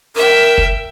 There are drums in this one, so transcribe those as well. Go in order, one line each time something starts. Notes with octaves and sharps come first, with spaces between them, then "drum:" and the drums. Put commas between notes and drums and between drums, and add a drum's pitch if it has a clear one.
A#4 E5 G5
drum: kick